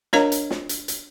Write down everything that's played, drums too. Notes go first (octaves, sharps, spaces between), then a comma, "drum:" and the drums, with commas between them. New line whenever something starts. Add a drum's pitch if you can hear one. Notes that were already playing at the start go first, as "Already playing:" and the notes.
D4 A#4 C#5 D#5 F5 A#5, drum: snare
drum: hi-hat
drum: snare
drum: hi-hat
drum: hi-hat